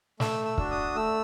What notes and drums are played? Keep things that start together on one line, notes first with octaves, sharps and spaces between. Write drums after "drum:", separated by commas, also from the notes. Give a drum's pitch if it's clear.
A3 E6, drum: snare
E6
D4 F#4, drum: kick
D#6
A3 E6